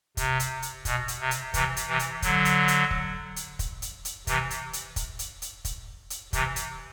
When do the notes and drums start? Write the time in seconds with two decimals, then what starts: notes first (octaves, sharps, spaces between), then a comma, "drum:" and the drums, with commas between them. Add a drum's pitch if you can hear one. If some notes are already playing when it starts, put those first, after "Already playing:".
0.17 C3, drum: kick, hi-hat
0.40 drum: hi-hat
0.62 drum: hi-hat
0.85 B2, drum: kick, hi-hat
1.08 drum: hi-hat
1.20 C3
1.31 drum: hi-hat
1.54 C3 E3, drum: kick, hi-hat
1.77 drum: hi-hat
1.88 C3 E3
1.99 drum: hi-hat
2.22 D3 F#3, drum: kick, hi-hat
2.45 drum: hi-hat
2.68 drum: hi-hat
2.91 drum: kick
3.36 drum: hi-hat
3.59 drum: kick, hi-hat
3.82 drum: hi-hat
4.05 drum: hi-hat
4.27 C3 E3, drum: kick, hi-hat
4.50 drum: hi-hat
4.73 drum: hi-hat
4.96 drum: kick, hi-hat
5.19 drum: hi-hat
5.42 drum: hi-hat
5.65 drum: kick, hi-hat
6.10 drum: hi-hat
6.33 C3 E3, drum: kick, hi-hat
6.56 drum: hi-hat